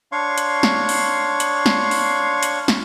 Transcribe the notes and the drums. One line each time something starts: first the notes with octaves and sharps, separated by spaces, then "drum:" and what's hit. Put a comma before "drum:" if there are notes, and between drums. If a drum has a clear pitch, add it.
D4 C#5 F5 C6 C#6
drum: hi-hat
drum: snare
drum: open hi-hat
drum: hi-hat
drum: snare
drum: open hi-hat
drum: hi-hat
drum: snare